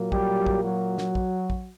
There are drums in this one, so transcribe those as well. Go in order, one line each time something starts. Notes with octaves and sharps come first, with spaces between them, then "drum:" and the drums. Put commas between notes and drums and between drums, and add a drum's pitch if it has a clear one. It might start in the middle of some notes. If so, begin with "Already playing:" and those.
Already playing: A#2 F#3 A#3
G3 G4, drum: kick
drum: kick
F#3 F#4
drum: snare
drum: kick
drum: kick